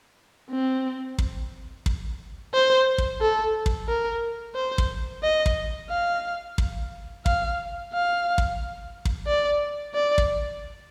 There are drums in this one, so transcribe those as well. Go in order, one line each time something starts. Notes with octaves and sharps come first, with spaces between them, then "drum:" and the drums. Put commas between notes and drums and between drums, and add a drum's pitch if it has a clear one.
C4
drum: kick
drum: kick
C5
drum: kick
A4
drum: kick
A#4
C5
drum: kick
D#5
drum: kick
F5
drum: kick
F5, drum: kick
F5
drum: kick
drum: kick
D5
D5
drum: kick